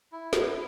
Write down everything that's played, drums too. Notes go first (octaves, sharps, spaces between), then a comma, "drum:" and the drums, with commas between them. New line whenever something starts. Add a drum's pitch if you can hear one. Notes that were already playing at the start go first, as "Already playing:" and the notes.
E4
drum: snare